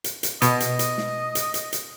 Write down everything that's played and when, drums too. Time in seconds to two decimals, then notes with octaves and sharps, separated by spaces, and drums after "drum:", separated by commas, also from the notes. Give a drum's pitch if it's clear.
0.04 drum: hi-hat
0.23 drum: hi-hat
0.42 B2 D#5, drum: hi-hat
0.60 drum: hi-hat
0.79 drum: hi-hat
0.98 drum: snare
1.35 drum: hi-hat
1.54 drum: hi-hat
1.73 drum: hi-hat